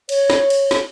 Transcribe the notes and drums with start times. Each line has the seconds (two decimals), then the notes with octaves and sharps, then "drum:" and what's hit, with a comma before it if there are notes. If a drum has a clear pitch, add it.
0.09 C#5, drum: cymbal
0.30 drum: snare
0.50 drum: cymbal
0.71 drum: snare